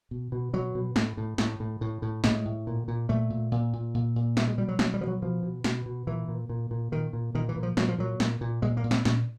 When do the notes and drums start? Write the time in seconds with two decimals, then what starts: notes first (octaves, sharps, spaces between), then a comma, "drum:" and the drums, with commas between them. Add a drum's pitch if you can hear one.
0.11 B2
0.32 B2
0.53 B2 F#3
0.75 B2
0.96 A2, drum: snare
1.17 A2
1.38 A2, drum: snare
1.60 A2
1.81 A2
2.02 A2
2.24 A2 G#3, drum: snare
2.45 A2
2.67 A#2
2.88 A#2
3.09 A#2 A3
3.30 A#2
3.52 A#2
3.73 A#2
3.94 A#2
4.16 A#2
4.37 B2 A3, drum: snare
4.48 G#3
4.58 B2 G3
4.68 F#3
4.79 B2 F#3, drum: snare
4.94 G3
5.01 B2 F3
5.08 F#3
5.22 B2 F3
5.43 B2
5.64 B2, drum: snare
5.86 B2
6.07 A#2 E3
6.28 A#2
6.49 A#2
6.71 A#2
6.92 A#2 D#3
7.13 A#2
7.35 A#2 D#3
7.49 E3
7.56 A#2
7.63 F3
7.77 A#2 F#3, drum: snare
7.88 F3
7.98 A#2 F#3
8.20 A#2, drum: snare
8.41 A#2
8.62 A#2 G#3
8.77 A#3
8.84 A#2
8.91 C4, drum: snare
9.05 A#2 C#4, drum: snare